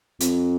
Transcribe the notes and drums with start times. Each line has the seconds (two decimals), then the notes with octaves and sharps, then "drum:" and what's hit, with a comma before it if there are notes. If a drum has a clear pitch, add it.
0.20 F2, drum: hi-hat